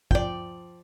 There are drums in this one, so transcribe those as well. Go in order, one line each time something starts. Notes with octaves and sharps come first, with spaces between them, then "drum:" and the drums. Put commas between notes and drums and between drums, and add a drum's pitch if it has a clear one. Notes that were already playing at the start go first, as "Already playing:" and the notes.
F3 D5 G5, drum: kick